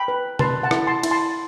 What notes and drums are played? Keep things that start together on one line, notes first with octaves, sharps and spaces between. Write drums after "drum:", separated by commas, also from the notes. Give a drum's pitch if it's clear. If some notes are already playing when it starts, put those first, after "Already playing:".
Already playing: G5 B5
B4
B4 A5 C6, drum: tom B2
F#5 A5
E4, drum: rim click
A5 C6
E4, drum: cymbal
A5 C6